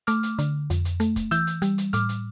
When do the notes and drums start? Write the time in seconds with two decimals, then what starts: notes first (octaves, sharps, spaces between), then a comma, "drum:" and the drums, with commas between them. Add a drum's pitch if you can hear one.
0.07 A3 D6 F6, drum: hi-hat
0.23 drum: hi-hat
0.39 D3, drum: hi-hat
0.70 F2, drum: hi-hat
0.85 drum: hi-hat
1.00 A3, drum: hi-hat
1.16 drum: kick, hi-hat
1.31 E3 E6 G6, drum: hi-hat
1.47 drum: hi-hat
1.62 G3, drum: hi-hat
1.78 drum: hi-hat
1.93 A2 D6 F6, drum: hi-hat
2.09 drum: hi-hat